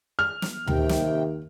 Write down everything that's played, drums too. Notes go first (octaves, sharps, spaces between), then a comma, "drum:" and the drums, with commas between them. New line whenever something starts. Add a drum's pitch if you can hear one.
F6
drum: snare
D#2 C3 G5, drum: tom D2
drum: snare